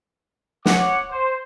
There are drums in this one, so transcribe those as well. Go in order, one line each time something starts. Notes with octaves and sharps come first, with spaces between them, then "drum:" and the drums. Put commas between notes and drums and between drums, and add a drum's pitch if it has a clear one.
C#5 F#5 D6, drum: snare
C5